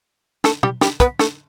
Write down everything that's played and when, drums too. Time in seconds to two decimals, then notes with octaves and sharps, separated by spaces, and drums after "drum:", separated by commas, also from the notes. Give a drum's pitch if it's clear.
0.44 A3 A4, drum: snare
0.63 G3 G4, drum: tom B2
0.81 G3 G4, drum: snare
1.00 B3 B4, drum: kick, hi-hat
1.19 A3 A4, drum: snare